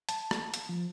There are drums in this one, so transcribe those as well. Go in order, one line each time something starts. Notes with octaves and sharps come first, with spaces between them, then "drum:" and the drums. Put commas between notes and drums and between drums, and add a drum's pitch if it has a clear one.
A5, drum: hi-hat
drum: rim click
drum: hi-hat
F3